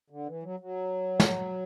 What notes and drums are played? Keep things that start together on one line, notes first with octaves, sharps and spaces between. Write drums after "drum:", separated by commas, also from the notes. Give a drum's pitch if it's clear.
D3
E3
F#3
F#3
drum: snare